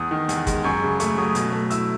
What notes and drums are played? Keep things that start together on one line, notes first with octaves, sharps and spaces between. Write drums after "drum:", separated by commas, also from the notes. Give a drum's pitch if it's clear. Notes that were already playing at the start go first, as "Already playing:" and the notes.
Already playing: E2 D#6
D#3
E2, drum: hi-hat
G#3, drum: kick, hi-hat
F#2 C#6
C#3
A3 C#6, drum: hi-hat
F#3 D#6
B2, drum: hi-hat
A3
E4 E6, drum: hi-hat